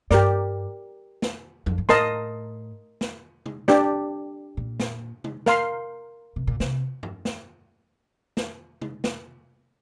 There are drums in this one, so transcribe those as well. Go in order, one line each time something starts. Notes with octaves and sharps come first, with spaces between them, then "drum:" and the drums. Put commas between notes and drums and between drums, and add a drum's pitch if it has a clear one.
G2 G4 A#4 D5, drum: snare
drum: snare
F2, drum: tom F#3
G2
A2 A#4 D#5 A5 C6, drum: snare
drum: snare
drum: tom C3
D4 G4 D5, drum: snare
A#2
drum: snare
drum: tom C3
A#4 F5 C6, drum: snare
C3
A#2
C3, drum: snare
drum: tom G2
drum: snare
drum: snare
drum: tom C3
drum: snare